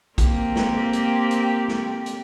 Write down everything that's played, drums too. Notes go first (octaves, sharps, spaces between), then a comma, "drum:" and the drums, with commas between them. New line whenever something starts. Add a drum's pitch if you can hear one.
A#3 C4 G4, drum: kick, hi-hat
drum: snare
drum: hi-hat
drum: hi-hat
drum: snare
drum: hi-hat